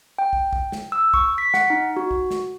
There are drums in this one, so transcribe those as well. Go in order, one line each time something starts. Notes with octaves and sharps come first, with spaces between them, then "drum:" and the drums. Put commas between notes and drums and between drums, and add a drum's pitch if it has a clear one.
G5
drum: kick
drum: kick
drum: snare
E6
C#6, drum: kick
B6
F#5, drum: snare
D#4
F#4
drum: kick
drum: snare